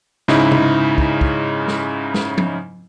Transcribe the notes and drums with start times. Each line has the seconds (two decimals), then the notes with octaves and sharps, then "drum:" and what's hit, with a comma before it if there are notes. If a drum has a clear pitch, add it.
0.28 G#2 C#3 D#4 E4, drum: snare
0.51 drum: tom C3
0.98 drum: kick
1.21 drum: kick
1.68 drum: snare
2.14 drum: snare
2.38 drum: tom F3